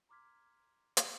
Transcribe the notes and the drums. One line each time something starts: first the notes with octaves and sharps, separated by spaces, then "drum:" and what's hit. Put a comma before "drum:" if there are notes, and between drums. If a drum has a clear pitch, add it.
A#5 C6 D6 F6 G#6 B6
drum: hi-hat